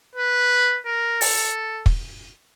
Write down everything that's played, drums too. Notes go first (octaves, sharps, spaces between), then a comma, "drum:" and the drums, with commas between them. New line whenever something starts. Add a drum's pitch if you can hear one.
B4
A#4
A4, drum: open hi-hat
drum: kick